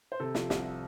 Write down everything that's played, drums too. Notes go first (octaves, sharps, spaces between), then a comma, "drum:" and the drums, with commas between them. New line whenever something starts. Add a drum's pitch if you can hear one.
C5
C3 A4
F3, drum: snare
C2, drum: snare